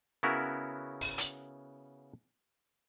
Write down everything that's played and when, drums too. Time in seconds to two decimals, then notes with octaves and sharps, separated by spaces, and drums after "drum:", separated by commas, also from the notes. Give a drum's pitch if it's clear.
0.23 C#3 B3 C#4 E4 F#4 A#4
1.01 drum: open hi-hat
1.18 drum: hi-hat